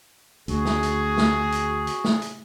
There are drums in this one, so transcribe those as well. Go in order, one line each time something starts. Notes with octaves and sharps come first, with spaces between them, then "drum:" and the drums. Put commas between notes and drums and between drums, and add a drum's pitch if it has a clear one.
D2 F#4 G#4, drum: hi-hat
drum: snare
drum: hi-hat
drum: snare
drum: hi-hat
drum: hi-hat
drum: snare
drum: hi-hat